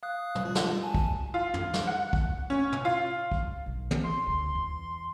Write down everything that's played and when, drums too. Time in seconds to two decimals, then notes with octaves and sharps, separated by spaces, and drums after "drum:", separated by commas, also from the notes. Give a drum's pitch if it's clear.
0.03 F5 D#6 F#6
0.35 drum: tom
0.45 G3 F4
0.55 drum: snare
0.82 G#5 A5
0.94 drum: kick
1.34 F4
1.54 drum: tom
1.73 drum: snare
1.87 F#5
2.13 drum: kick
2.50 C#4
2.72 drum: tom
2.85 F4
3.32 drum: kick
3.66 B1
3.91 drum: tom
4.04 B1 C6
4.27 D2
4.55 E2